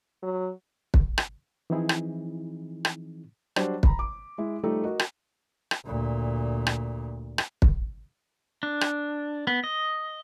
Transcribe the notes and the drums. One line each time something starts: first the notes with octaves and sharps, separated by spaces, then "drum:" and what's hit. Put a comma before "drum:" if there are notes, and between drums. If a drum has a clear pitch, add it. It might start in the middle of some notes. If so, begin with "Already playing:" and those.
F#3
drum: kick
drum: rim click
E3 F3 C4 D#4 E4 G#4
drum: rim click
drum: rim click
F#3 G3 D4 C5, drum: rim click
A#5 B5, drum: kick
D6
G#3 E4
F3 G3 A3 D#4 A4
F#4 A#4 D#5
drum: rim click
drum: rim click
D2 A#2
drum: rim click
drum: rim click
drum: kick
D4
drum: rim click
B3
D#5